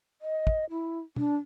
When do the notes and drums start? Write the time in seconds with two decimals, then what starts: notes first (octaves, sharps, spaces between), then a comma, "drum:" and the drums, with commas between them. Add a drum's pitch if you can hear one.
0.21 D#5
0.47 drum: kick
0.70 E4
1.16 D4, drum: tom